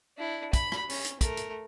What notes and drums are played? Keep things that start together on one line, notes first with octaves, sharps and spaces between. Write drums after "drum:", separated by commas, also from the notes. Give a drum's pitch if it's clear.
D4 E4
B5, drum: kick, hi-hat
drum: rim click
C#4, drum: open hi-hat
drum: hi-hat
A3 A#4, drum: kick, hi-hat
drum: hi-hat